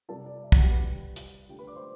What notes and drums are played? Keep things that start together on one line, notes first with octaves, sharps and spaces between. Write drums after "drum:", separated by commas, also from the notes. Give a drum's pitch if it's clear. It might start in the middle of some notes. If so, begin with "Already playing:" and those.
C3 G3 A4 A5
D5
E5
F#4 F#5, drum: kick
G4 G5
B4 B5
C3 G3
drum: hi-hat
D3 A3 G4 G5
B4 B5
D5 D6
C5 C6